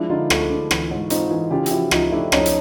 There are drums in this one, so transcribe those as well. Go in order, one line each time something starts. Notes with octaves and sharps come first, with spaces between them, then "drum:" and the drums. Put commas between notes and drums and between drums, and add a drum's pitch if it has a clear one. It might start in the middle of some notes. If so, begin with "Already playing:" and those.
Already playing: F3 G#3 D4 E4
D3 D#4 F4
A3, drum: rim click
D3
E3, drum: rim click
G#2
C4 D#4 F4, drum: hi-hat
E3
C#3 F4 G4
G4, drum: hi-hat
F3 E4 F#4
F3 D#4 F4, drum: rim click
A3 D4 E4
F2 C#4 D#4, drum: rim click
drum: hi-hat